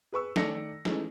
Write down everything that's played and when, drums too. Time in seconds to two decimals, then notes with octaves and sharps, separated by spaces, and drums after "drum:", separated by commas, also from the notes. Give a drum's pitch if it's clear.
0.12 G#4 B4 C#6 E6
0.36 D#3 A3 A4 D5 A#6 C#7, drum: snare
0.85 E3 G#3 A3 C#4 D#4, drum: snare